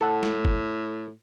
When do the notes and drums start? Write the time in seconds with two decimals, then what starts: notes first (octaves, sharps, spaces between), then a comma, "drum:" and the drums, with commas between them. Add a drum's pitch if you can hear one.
0.01 A2 A4 F#5
0.23 drum: snare
0.45 drum: kick